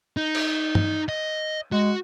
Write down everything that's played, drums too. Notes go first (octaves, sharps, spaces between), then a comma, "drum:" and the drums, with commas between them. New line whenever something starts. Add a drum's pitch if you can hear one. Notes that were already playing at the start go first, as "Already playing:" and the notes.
D#4
drum: cymbal
drum: tom G2
D#5
G#3 F#4